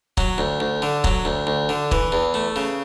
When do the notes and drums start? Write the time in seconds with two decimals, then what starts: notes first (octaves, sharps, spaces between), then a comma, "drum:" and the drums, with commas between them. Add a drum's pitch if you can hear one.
0.17 F#3, drum: kick E1
0.38 D2
0.60 D2
0.82 D3
1.04 F#3, drum: kick E1
1.25 D2
1.47 D2
1.69 D3
1.91 E3, drum: kick E1
2.12 E2
2.34 A3
2.56 C#3